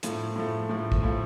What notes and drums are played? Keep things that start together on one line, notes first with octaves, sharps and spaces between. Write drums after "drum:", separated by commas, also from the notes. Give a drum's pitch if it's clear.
A2 F3 A3, drum: hi-hat
A2 F3 A3
A2 F3 A3
drum: kick
A2 F3 A3